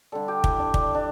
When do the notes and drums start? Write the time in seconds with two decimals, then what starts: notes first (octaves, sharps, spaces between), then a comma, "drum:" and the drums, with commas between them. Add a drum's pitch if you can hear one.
0.12 D3 G3 A4
0.28 G4
0.44 E4, drum: kick
0.59 D4
0.74 D4, drum: kick
0.95 D4